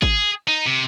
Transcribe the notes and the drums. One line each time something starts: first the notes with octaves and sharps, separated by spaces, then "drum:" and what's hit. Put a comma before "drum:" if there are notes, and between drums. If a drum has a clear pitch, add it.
G#4, drum: kick G#1
D#4
C3